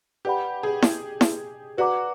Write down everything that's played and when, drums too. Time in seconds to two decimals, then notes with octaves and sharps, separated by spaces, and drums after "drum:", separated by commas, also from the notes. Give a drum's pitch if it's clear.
0.25 G4 B4 D5 F#5 B5
0.63 G#4
0.82 drum: snare E4
1.21 drum: snare E4
1.78 F#4 B4 D5 F#5 A#5 D6